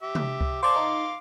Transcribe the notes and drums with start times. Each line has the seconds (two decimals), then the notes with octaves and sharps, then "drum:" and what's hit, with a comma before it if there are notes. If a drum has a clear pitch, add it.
0.03 G4 E5
0.15 drum: tom C3
0.41 drum: kick C#2
0.63 C5 D5 F5 A5 C6 D6
0.76 D#4